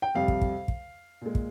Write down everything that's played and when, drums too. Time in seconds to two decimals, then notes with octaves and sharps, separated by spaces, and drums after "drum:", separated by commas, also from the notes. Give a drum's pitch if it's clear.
0.02 G5
0.15 F2 C3 G3 F5
0.28 drum: kick
0.41 drum: kick
0.68 drum: kick
1.21 A#2 G#3
1.35 drum: kick